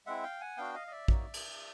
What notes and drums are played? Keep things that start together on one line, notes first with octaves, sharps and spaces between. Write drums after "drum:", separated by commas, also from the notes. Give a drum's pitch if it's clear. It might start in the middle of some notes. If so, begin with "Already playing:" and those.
G#3 C4 E4 E5 F#5
F5 G5
F#5 G#5
B3 D4 F#4 F5 G5
D#5 F5
D#5
D5 E5
F#3 A#3 D#4 F#4, drum: kick
drum: cymbal